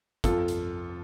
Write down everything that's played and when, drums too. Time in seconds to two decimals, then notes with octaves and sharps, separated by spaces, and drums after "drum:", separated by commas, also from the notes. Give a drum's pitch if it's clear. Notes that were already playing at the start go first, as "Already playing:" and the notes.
0.24 F2 F4 A4, drum: kick, hi-hat
0.48 drum: hi-hat